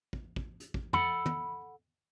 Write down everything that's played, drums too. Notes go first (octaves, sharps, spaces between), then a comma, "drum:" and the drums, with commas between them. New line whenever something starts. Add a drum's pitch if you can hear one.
drum: kick
drum: kick
drum: hi-hat
drum: kick
A4 F#5 B5, drum: tom
drum: tom